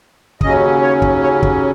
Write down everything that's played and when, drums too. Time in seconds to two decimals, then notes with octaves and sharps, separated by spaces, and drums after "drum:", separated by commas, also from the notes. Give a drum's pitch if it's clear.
0.41 D#2 C#3 F#3 C#4 D#5, drum: kick
0.82 C#5
1.02 drum: kick
1.23 C#5
1.43 drum: kick